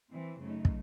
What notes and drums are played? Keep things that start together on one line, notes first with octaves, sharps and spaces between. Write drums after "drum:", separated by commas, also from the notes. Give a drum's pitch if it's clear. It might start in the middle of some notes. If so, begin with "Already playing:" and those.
E3 C4
F#2 C#3 A3 D#4
drum: kick